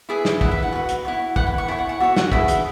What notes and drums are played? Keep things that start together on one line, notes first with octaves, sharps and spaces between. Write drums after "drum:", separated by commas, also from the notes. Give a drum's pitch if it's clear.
E4 G#4 B4 E5
drum: snare
E4 B4 F#5, drum: kick
E5
F#5
F#4 B4
drum: hi-hat
E4 C#5
E4 B4 F#5, drum: kick
B5
C#6
E4 C#5 G#5
F#5
F#5
F#4 C#5 E5
F#5, drum: snare
E4 G#4 B4 E5, drum: kick
drum: hi-hat